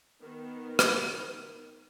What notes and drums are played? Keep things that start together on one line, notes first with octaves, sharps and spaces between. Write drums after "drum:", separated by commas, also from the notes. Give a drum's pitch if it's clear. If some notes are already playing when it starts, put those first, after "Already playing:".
D#3 B3
drum: rim click